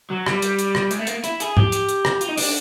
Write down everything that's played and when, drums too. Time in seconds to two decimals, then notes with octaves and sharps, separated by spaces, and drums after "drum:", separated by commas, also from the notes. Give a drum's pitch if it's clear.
0.10 F#3
0.26 G3, drum: rim click
0.42 drum: hi-hat
0.59 drum: hi-hat
0.75 drum: rim click
0.91 G#3, drum: hi-hat
0.99 A3
1.07 A#3, drum: hi-hat
1.24 E4, drum: hi-hat
1.40 G#4, drum: hi-hat
1.57 G4, drum: tom G#2
1.72 drum: hi-hat
1.89 drum: hi-hat
2.05 drum: rim click
2.21 F4, drum: hi-hat
2.29 D#4
2.37 D4, drum: open hi-hat